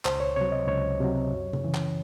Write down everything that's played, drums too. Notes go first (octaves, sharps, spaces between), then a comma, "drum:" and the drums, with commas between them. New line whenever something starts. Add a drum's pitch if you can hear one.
C#2 C5, drum: clap
C#5
C3 F#3 C#5
D#5
C#2 C#5
C3 F#3
F#2
drum: tom C3
C#3 E3
drum: clap